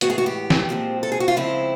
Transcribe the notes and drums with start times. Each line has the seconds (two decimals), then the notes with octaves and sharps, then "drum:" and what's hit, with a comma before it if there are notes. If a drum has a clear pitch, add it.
0.01 A2 E3 G#3 B3 F#4, drum: hi-hat
0.10 G#4
0.18 F#4
0.26 G4
0.50 drum: snare
0.69 A#2 F3 G#3 C4
1.03 A4
1.12 G#4
1.20 F#4
1.28 F4
1.36 C#3 F3 G#3 C4 E4